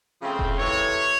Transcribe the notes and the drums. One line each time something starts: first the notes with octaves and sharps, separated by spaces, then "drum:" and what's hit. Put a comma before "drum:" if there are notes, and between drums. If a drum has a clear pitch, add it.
C#3 F3 A3 C4
drum: kick E1
C3 E3 A3 C#5